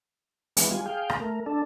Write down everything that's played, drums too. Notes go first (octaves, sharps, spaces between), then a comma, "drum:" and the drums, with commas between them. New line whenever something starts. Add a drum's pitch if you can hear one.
E3 G#3 B3, drum: hi-hat
G3 F4 G#5
G#4 F5 G5
drum: rim click
A3 A#4
D4 A4